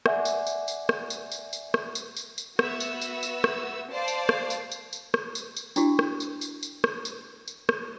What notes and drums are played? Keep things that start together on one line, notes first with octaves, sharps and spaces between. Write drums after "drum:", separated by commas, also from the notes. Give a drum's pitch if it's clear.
D5 E5 F#5 G#5, drum: rim click
drum: tambourine
drum: tambourine
drum: tambourine
drum: rim click
drum: tambourine
drum: tambourine
drum: tambourine
drum: rim click
drum: tambourine
drum: tambourine
drum: tambourine
B3 F#4 E5 E6, drum: rim click
drum: tambourine
drum: tambourine
drum: tambourine
drum: rim click
C5 D5 F5 A5
drum: tambourine
drum: rim click
drum: tambourine
drum: tambourine
drum: tambourine
drum: rim click
drum: tambourine
drum: tambourine
D4 E4 F#4 G4, drum: tambourine
drum: rim click
drum: tambourine
drum: tambourine
drum: tambourine
drum: rim click
drum: tambourine
drum: tambourine
drum: rim click